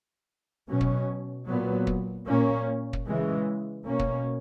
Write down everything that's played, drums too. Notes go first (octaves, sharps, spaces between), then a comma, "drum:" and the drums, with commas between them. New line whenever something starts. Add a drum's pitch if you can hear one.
B2 F#3 C#4
drum: kick
A#2 F#3 B3
drum: kick
A#2 A#3 C#4
drum: kick
C#3 E3 G#3
B2 A#3 C#4
drum: kick